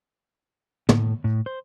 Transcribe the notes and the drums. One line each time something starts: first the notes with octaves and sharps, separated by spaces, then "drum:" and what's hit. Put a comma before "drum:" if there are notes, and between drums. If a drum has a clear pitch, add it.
A2, drum: tom
A2
C5